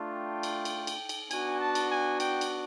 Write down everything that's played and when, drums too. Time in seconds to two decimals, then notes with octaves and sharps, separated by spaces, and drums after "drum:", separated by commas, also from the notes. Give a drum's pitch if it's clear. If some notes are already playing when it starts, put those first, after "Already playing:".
Already playing: A3 D4 F4
0.14 G5
0.43 drum: cymbal
0.65 drum: cymbal
0.87 drum: cymbal
1.09 drum: cymbal
1.31 B3 D4 F#4 G#5, drum: cymbal
1.60 A5
1.75 drum: cymbal
1.90 G#5
2.20 G5, drum: cymbal
2.41 drum: cymbal